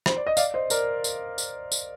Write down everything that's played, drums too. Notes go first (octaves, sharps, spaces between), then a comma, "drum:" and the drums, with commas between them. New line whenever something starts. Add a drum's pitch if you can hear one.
C5, drum: rim click
D5
D#5
D5 F5, drum: tambourine
C5 D#5
A#4 D5, drum: tambourine
drum: tambourine
drum: tambourine
drum: tambourine